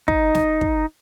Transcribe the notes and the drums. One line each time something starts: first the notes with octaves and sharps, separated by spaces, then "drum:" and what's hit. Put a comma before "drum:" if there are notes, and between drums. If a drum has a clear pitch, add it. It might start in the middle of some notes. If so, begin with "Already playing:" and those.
D#4, drum: kick
drum: snare
drum: kick